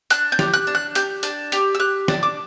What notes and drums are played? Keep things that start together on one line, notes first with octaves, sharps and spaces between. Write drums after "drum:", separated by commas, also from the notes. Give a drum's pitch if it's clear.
D4 F#6, drum: hi-hat
G6
G4, drum: snare
F#6
D4
F#6
G4 G6, drum: hi-hat
D4, drum: hi-hat
G4, drum: hi-hat
E6
G4 F#6
D4, drum: snare
D6